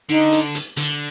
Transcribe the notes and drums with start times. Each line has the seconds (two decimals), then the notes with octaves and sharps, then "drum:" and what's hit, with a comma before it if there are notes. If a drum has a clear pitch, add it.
0.10 D3 D#4
0.33 drum: hi-hat
0.55 drum: hi-hat
0.77 D3, drum: hi-hat